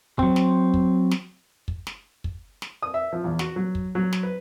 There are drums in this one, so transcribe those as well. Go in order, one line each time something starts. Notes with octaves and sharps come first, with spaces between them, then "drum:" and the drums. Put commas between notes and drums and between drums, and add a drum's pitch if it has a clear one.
F#3 C4, drum: kick
drum: snare
drum: kick
drum: snare
drum: kick
drum: snare
drum: kick
drum: snare
D#6
E5
F3
E2
F#4, drum: snare
F#3
drum: kick
F#3
drum: snare
B4